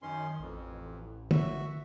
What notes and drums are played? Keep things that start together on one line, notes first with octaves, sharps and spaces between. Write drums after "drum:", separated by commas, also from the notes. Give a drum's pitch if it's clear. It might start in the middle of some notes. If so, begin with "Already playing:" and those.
F#2 D#3 C#4 C6
A1 F2
F#4 E5, drum: tom